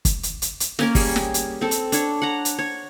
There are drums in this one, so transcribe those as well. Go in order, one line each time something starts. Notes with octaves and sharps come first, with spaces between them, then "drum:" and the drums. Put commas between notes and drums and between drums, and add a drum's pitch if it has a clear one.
drum: kick, hi-hat
drum: hi-hat
drum: hi-hat
drum: hi-hat
A#3 C#4 A#4, drum: snare
G3 G#4, drum: kick, open hi-hat
drum: snare
drum: hi-hat
C4 A4
drum: hi-hat
D4 C#5, drum: hi-hat
F#5 A#5
drum: hi-hat
C#5